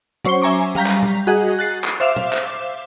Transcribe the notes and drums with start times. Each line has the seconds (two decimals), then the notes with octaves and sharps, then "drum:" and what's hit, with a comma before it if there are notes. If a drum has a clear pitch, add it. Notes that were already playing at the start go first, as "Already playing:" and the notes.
0.25 F#3 C#4 C5 C#6 C7 G7
0.42 E5 G#5 A#5 C#6 D6
0.75 G3 F5 A#5 G6 B6
0.86 drum: clap
1.02 drum: tom
1.27 F#4 G#4 D#5 F#5
1.59 F#6 A6 C7
1.84 drum: clap
2.00 C5 E5 F5 D6 E7
2.16 drum: tom
2.32 drum: clap